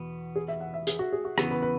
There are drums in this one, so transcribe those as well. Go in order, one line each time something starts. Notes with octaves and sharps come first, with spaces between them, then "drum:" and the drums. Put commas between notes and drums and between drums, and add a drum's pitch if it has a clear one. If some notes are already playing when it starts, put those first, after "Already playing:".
Already playing: E2 B2 B3
G#4
E5
F#5
E5
G#4, drum: hi-hat
F#4
G#4
F#4
E2 C#3 E3 B3 G#4, drum: rim click
B4
B4